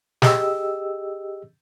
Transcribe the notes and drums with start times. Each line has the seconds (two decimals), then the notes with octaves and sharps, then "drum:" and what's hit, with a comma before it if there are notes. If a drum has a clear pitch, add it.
0.22 G4 G#4 D#5 E6, drum: snare